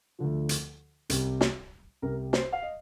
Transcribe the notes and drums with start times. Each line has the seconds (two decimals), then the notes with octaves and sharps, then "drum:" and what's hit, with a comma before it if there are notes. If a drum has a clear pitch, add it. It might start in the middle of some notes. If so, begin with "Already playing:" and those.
0.19 D2 D3 F3
0.49 drum: hi-hat
1.10 C2 C3 G3, drum: hi-hat
1.41 drum: snare
2.02 C2 C3 G3 A#4
2.33 C5, drum: snare
2.53 F5
2.62 D#5